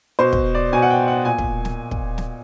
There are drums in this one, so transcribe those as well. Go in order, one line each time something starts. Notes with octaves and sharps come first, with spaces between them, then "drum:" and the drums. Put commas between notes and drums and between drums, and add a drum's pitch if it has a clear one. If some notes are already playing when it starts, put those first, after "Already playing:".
B2 C5
drum: kick
D5
B2 G#5
F#5
G5
F#5
A#2 G#5
drum: kick
drum: snare
drum: kick
drum: snare